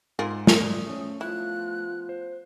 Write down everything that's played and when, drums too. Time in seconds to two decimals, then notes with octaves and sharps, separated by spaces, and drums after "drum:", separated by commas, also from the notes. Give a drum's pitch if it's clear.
0.19 G#2 F4 G#4 A#4
0.47 D5 D#6, drum: snare
0.86 F3 A3 C#4
1.21 F3 B3 E4 F4 F#6
2.09 C5